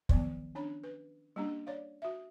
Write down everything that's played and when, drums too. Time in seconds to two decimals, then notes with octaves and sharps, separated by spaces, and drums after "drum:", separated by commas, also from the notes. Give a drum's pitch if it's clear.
0.09 D#3 F3 F#3 B3 A5, drum: kick
0.55 C#4 D4 C#5 B5
0.84 B4
1.36 G3 A#3 C#4 D4 G4
1.67 C#5 D5 F5
2.02 F#4 E5